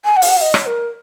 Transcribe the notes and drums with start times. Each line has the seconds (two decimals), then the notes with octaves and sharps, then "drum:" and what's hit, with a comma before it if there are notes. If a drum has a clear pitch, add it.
0.04 G#5
0.16 F#5
0.22 F5, drum: open hi-hat
0.28 F#5
0.36 F5
0.41 D#5
0.54 C#5, drum: rim click
0.66 A#4